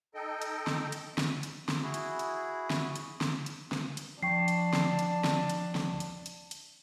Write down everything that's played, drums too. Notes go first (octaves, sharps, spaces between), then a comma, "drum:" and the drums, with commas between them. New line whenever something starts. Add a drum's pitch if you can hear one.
D#4 A4 D#5 G5
drum: hi-hat
drum: snare
drum: hi-hat
drum: snare
drum: hi-hat
drum: snare
E4 F#4 G#4
drum: hi-hat
drum: hi-hat
drum: snare
drum: hi-hat
drum: snare
drum: hi-hat
drum: snare
drum: hi-hat
F3 D4 G5 C#6 C7
drum: hi-hat
drum: snare
drum: hi-hat
drum: snare
drum: hi-hat
drum: snare
drum: hi-hat
drum: hi-hat
drum: hi-hat